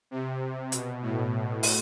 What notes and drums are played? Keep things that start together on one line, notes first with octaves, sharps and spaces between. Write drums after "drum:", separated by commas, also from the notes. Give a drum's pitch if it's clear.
C3
B2, drum: hi-hat
A2
drum: open hi-hat